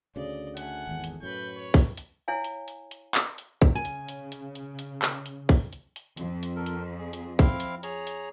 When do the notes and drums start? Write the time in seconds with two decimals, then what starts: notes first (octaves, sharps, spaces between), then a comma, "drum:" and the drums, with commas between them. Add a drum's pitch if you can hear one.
0.16 D2 C#3 D5 D#5
0.57 A3 F#5 G#5, drum: hi-hat
0.87 G#1 E2
1.04 drum: hi-hat
1.22 F#2 A2 B4 C#6 G6
1.56 C#5
1.74 drum: kick, open hi-hat
1.97 drum: hi-hat
2.28 E4 C#5 F5 G#5
2.44 drum: hi-hat
2.68 drum: hi-hat
2.91 drum: hi-hat
3.15 drum: clap
3.38 drum: hi-hat
3.62 drum: kick
3.75 C#3 G#5
3.85 drum: hi-hat
4.08 drum: hi-hat
4.32 drum: hi-hat
4.55 drum: hi-hat
4.79 drum: hi-hat
5.02 drum: clap
5.26 drum: hi-hat
5.49 drum: kick, open hi-hat
5.73 drum: hi-hat
5.96 drum: hi-hat
6.17 F2, drum: hi-hat
6.43 drum: hi-hat
6.56 A4 A#4
6.66 drum: hi-hat
6.98 G#4
7.13 drum: hi-hat
7.39 C4 E4 F5, drum: kick, open hi-hat
7.60 drum: hi-hat
7.83 G#4 C#5 A#5, drum: hi-hat
8.07 drum: hi-hat